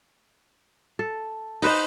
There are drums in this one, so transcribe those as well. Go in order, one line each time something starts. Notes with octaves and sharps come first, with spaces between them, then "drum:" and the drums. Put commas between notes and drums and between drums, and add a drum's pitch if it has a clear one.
A4
D#4 B4 C5 D#5, drum: open hi-hat